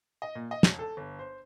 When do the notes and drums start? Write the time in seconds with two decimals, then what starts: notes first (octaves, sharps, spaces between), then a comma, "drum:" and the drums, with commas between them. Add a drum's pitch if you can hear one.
0.22 D#5
0.35 A#2
0.51 D#5
0.63 E1, drum: snare
0.79 A4
0.97 G1
1.19 C5